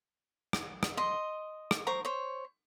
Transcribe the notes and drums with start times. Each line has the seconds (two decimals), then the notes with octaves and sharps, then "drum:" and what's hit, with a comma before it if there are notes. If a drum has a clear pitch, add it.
0.53 drum: rim click
0.83 drum: rim click
0.97 D#5 C6
1.71 drum: rim click
1.87 C5 A#5 C#6
2.05 C5 C#5